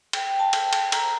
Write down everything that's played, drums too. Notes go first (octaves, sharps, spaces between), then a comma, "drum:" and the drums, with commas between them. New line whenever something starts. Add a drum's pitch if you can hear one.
G5, drum: cymbal
G5
A5
drum: cymbal
drum: cymbal
A#5, drum: cymbal